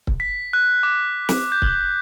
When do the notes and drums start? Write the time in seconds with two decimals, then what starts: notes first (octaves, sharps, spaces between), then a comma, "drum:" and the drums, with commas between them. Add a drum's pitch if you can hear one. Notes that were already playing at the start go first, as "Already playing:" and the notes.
0.07 drum: kick C#1
0.20 B6
0.53 F#6
0.83 D6
1.29 drum: snare
1.52 G6
1.62 drum: kick C#1